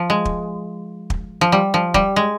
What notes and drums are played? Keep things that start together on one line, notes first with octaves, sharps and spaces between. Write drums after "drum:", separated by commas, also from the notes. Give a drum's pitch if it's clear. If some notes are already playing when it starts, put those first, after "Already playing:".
Already playing: F3
G#3
drum: kick
drum: kick
F3
G3
F3
G3, drum: kick
G#3